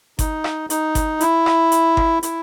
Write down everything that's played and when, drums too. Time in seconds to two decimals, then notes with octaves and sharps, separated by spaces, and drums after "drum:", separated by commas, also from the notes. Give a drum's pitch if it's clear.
0.19 D#4, drum: kick G1, hi-hat
0.44 drum: rim click
0.70 D#4, drum: hi-hat
0.95 drum: kick G1, hi-hat
1.20 E4, drum: hi-hat
1.46 drum: rim click
1.72 drum: hi-hat
1.97 drum: kick G1
2.23 E4, drum: hi-hat